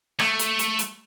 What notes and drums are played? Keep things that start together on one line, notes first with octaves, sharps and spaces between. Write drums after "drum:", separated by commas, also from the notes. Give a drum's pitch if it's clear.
A3, drum: rim click
drum: hi-hat
drum: hi-hat
drum: hi-hat